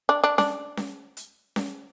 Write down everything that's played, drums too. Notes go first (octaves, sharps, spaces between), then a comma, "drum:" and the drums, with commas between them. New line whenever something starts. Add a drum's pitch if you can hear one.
D4
D4
D4, drum: snare C#4
drum: snare C#4
drum: hi-hat
drum: snare C#4